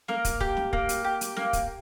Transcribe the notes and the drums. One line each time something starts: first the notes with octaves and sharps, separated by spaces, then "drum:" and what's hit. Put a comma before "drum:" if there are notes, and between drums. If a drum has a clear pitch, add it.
A#3 A#4, drum: snare
drum: kick, hi-hat
G4, drum: kick
drum: snare
A#3, drum: kick
drum: hi-hat
G4
drum: hi-hat
A#3, drum: snare
drum: kick, hi-hat